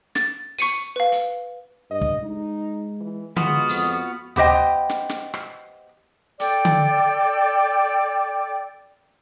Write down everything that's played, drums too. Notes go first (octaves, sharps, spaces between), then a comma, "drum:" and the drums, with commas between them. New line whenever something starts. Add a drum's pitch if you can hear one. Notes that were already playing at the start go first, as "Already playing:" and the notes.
A6, drum: snare
C#6 C#7 D#7, drum: open hi-hat
B4 F5
drum: hi-hat
G2 D#5
drum: kick
G#3 D#4
E3
G#3 B3 F4 F#4 D#6, drum: tom D3
F2, drum: open hi-hat
B3 G4 C5 D#5 G5, drum: tom D2
drum: snare
drum: snare
drum: rim click
A4 D5 G5 D6, drum: hi-hat
drum: tom D3